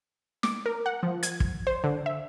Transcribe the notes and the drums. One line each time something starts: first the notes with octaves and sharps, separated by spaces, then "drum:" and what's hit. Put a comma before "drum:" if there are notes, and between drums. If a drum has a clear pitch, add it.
D6, drum: snare
A#4
F#5
F3
G#6, drum: hi-hat
drum: kick
C5
D3
E5